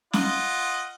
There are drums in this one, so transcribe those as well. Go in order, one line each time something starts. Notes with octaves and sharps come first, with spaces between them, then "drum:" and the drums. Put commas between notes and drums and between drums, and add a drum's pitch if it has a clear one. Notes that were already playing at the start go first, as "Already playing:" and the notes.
F4 D#5 F#5, drum: snare